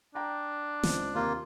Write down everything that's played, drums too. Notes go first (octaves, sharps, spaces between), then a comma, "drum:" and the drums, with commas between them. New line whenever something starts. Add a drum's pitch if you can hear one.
D4 G5 A#5
C#2 C4, drum: snare
D#2 C3 A#3 F4